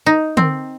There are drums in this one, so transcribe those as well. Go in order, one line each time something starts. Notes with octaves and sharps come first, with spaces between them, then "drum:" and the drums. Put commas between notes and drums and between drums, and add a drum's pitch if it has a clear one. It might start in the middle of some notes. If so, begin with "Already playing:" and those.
D#4
C4, drum: tom